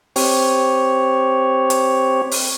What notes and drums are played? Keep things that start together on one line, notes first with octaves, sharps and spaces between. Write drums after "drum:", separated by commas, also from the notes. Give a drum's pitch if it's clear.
C4 G4 C#5, drum: open hi-hat
drum: hi-hat
drum: open hi-hat